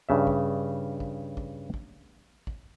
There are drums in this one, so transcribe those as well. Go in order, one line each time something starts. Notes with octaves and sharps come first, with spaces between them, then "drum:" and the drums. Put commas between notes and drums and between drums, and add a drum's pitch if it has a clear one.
G2 C#3 E5
drum: kick
drum: kick
drum: kick
drum: kick
drum: kick